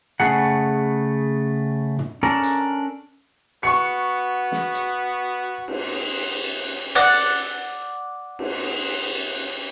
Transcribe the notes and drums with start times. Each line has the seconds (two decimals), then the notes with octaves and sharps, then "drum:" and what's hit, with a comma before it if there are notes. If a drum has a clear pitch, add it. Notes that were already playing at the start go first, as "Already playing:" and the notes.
0.20 C#3 A3 G#4 F#5, drum: tom
1.99 drum: tom
2.23 C#4 D4 A4 A#4
2.43 drum: hi-hat
3.63 B3 F#4 C#6 C#7
4.52 drum: snare
4.74 drum: hi-hat
5.68 drum: cymbal
6.95 D5 F#5, drum: hi-hat
7.11 drum: open hi-hat
8.39 drum: cymbal